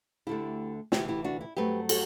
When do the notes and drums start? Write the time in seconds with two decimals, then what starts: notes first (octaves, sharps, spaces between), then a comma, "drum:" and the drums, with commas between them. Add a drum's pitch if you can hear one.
0.27 D2 D3 A3 E4 G4
0.92 D2 C3 E3 E4 G4, drum: snare
1.08 E4 G4
1.24 D4 F#4
1.41 E4
1.57 G2 F#3 A3 C4 G4 B4
1.89 F#4 A4, drum: cymbal